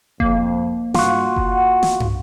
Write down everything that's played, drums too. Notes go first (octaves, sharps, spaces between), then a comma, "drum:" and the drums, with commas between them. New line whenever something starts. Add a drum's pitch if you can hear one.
F2 A#3, drum: kick F#1
G2 F4 F#4 F5, drum: snare
drum: kick F#1
F#5
drum: snare
drum: tom